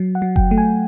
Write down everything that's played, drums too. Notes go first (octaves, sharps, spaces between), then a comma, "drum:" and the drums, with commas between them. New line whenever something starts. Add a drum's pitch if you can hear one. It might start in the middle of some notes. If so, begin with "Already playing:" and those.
Already playing: F#3
F#5
F#3
G5, drum: kick F#1
A3
G#5